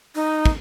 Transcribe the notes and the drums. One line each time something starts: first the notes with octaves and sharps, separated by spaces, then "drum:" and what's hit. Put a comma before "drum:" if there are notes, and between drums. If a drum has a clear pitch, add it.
D#4
drum: kick